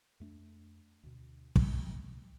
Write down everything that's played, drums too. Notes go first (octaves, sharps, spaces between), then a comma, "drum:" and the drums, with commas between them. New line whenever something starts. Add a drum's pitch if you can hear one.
F2 A3 D4
D2 B2
D2 B2 G#3 A3, drum: kick